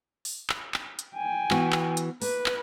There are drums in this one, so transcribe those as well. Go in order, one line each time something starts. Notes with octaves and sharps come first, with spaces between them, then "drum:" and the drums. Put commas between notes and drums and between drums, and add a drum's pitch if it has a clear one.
drum: open hi-hat
drum: clap
drum: clap
drum: hi-hat
G5 G#5
E3 B3 F#4, drum: clap
drum: clap
drum: hi-hat
A#3 B4, drum: open hi-hat
drum: clap